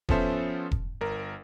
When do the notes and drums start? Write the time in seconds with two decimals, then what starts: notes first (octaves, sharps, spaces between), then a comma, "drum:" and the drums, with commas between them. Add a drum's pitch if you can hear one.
0.09 F3 B3 C#4 A4 C5 E5, drum: kick E1
0.71 drum: kick E1
1.01 G1 A#4